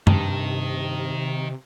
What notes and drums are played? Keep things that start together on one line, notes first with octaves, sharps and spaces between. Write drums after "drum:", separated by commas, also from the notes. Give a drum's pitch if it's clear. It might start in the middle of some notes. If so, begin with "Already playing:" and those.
G2 C3 D#3, drum: tom F#2